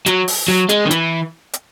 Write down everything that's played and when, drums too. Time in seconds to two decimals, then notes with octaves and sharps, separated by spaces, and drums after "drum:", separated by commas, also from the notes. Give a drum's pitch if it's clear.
0.06 F#3, drum: hi-hat
0.28 drum: open hi-hat
0.48 F#3
0.69 G#3, drum: hi-hat
0.86 D#3
0.91 E3, drum: hi-hat
1.53 drum: hi-hat